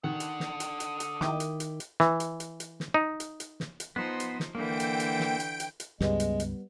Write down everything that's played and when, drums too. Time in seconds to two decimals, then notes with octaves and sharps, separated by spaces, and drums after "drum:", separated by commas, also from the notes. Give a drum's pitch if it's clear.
0.04 D3 D#3 F#5 D#6
0.20 drum: hi-hat
0.40 drum: snare
0.60 drum: hi-hat
0.80 drum: hi-hat
1.00 drum: hi-hat
1.21 D#3 E4 G5 D6, drum: snare
1.40 drum: hi-hat
1.60 drum: hi-hat
1.80 drum: hi-hat
2.00 E3, drum: snare
2.20 drum: hi-hat
2.40 drum: hi-hat
2.60 drum: hi-hat
2.80 drum: snare
2.94 D#4
3.20 drum: hi-hat
3.40 drum: hi-hat
3.60 drum: snare
3.80 drum: hi-hat
3.96 F3 B3 D#4 C5
4.20 drum: hi-hat
4.40 drum: snare
4.55 D3 E3 A#3 G5 D7
4.80 drum: hi-hat
5.00 drum: hi-hat
5.20 drum: snare
5.40 drum: hi-hat
5.60 drum: hi-hat
5.80 drum: hi-hat
6.01 C#2 G2 G3 G#3 B3, drum: snare
6.20 drum: hi-hat
6.40 drum: hi-hat